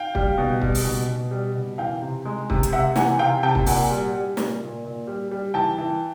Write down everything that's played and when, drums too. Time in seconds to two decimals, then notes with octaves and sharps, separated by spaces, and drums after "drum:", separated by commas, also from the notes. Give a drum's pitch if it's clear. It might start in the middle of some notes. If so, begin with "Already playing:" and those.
Already playing: F5 G5
0.15 G3, drum: kick
0.38 B2
0.62 G3, drum: kick
0.75 drum: open hi-hat
0.85 B2
1.08 B2
1.31 G3
1.55 B2
1.78 E3 F5 G5
2.02 C3
2.25 G#3
2.50 C3, drum: kick
2.63 drum: hi-hat
2.73 C3 E5 F#5
2.96 E3 F#5 G#5, drum: snare
3.19 C3 F5 G5
3.43 C3 G5 A5
3.55 drum: kick
3.66 A#2 F#5 G#5, drum: open hi-hat
3.91 G3
4.13 G3
4.37 A#2, drum: snare
4.61 A#2
4.85 A#2
5.07 G3
5.31 G3
5.54 E3 G5 A5
5.78 E3